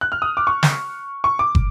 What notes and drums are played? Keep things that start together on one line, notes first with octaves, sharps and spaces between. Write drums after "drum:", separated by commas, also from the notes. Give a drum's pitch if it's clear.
F#6
F6
D#6
D6
C#6
drum: snare
C#6
D6
drum: kick